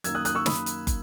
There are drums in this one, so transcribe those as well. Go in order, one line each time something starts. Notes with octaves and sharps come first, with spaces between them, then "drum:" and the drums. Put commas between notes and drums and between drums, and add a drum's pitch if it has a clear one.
F#2 D#3 A#3 E6 G#6, drum: hi-hat
D#6 F#6
D#6 F#6, drum: hi-hat
C#6 E6
B5 D#6, drum: snare
drum: hi-hat
drum: kick, hi-hat